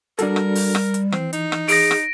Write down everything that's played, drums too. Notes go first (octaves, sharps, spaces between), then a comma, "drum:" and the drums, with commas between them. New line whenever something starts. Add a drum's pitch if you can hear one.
G3 D4 F#4 A4 A#4, drum: hi-hat
drum: rim click
drum: open hi-hat
drum: rim click
drum: hi-hat
E3 C4, drum: rim click
D#4, drum: hi-hat
drum: rim click
G#4 A#6 D7, drum: open hi-hat
drum: rim click